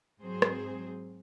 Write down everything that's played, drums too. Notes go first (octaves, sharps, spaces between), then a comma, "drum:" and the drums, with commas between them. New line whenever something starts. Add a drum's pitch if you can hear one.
G#2 F#3 C4 G#4 C5
drum: rim click